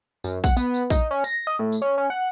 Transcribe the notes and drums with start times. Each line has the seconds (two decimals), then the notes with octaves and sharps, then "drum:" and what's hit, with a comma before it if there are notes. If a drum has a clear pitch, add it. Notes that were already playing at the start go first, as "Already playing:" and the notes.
0.24 F#2, drum: tambourine
0.44 F#5, drum: kick A#1, tambourine
0.57 B3, drum: tambourine
0.74 drum: tambourine
0.90 D#4, drum: kick A#1, tambourine
1.11 C#4
1.24 A#6, drum: tambourine
1.47 D#5
1.59 A2
1.72 drum: tambourine
1.82 C#4
1.98 C#4
2.10 F#5